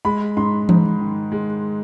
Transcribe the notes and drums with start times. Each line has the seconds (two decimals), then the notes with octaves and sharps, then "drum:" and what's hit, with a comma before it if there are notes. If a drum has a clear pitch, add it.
0.05 G#3 B5
0.37 G#2 C6
0.69 G#2, drum: tom E3
1.00 D#3
1.32 G#3